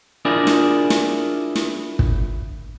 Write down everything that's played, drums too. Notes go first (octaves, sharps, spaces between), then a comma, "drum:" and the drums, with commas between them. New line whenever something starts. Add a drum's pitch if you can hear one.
D4 E4 F4 G#4 A#4 D5
drum: snare
drum: snare
drum: snare
drum: kick